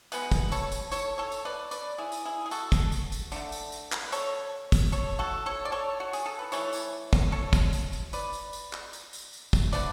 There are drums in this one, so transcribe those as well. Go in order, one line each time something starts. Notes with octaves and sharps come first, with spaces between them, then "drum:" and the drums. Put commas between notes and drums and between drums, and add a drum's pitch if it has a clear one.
B2 G#3 B3 B4, drum: tambourine
drum: kick, tambourine
A4 C#5, drum: tambourine
drum: tambourine
A4 C#5, drum: tambourine
A4 C#5
drum: tambourine
B4 D5
B4 D5, drum: tambourine
E4 G#4
drum: tambourine
E4 G#4
G#4
F#4 A4, drum: tambourine
drum: kick, tambourine
drum: tambourine
drum: tambourine
D3 A3, drum: tambourine
drum: tambourine
drum: tambourine
drum: clap
B4
A4 C#5, drum: tambourine
drum: kick, tambourine
A4 C#5, drum: tambourine
F#4 A4
A4 C#5
D5
A4 C#5
F#4
G#4, drum: tambourine
A4
B4
E3 A3 A4 C#5, drum: tambourine
drum: tambourine
drum: kick, tambourine
A4 C#5
drum: kick, tambourine
drum: tambourine
drum: tambourine
B4 D5, drum: tambourine
drum: tambourine
drum: tambourine
drum: clap
drum: tambourine
drum: tambourine
drum: tambourine
drum: kick, tambourine
D3 A3 B4 D5, drum: tambourine